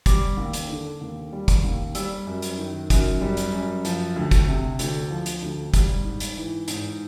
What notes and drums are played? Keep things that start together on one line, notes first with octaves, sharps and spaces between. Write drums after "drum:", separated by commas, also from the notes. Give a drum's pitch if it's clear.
G3 D6, drum: kick, hi-hat
D#2
drum: hi-hat
D3
D#2
G3
drum: kick, hi-hat
D#2
G3 E6, drum: hi-hat
F#2
drum: hi-hat
D#3
F#2, drum: kick, hi-hat
G3
drum: hi-hat
F#2
F3, drum: hi-hat
D2
drum: kick, hi-hat
C3
D2, drum: hi-hat
F3
drum: hi-hat
D2
G3, drum: kick, hi-hat
G#2
drum: hi-hat
E3
G#2, drum: hi-hat